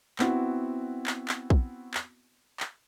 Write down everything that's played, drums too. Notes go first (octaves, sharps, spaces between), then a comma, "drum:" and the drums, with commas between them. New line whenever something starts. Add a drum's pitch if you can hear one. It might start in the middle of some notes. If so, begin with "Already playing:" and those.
B3 C4 E4 F#4, drum: clap
drum: clap
drum: clap
drum: kick A#1
drum: clap
drum: clap